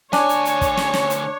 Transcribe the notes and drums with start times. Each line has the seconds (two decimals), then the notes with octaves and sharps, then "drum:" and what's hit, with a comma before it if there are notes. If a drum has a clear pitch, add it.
0.13 D2 D4 C#5 G#5, drum: snare
0.29 drum: hi-hat
0.45 drum: hi-hat
0.61 drum: kick, hi-hat
0.77 drum: snare
0.94 drum: snare
1.10 drum: hi-hat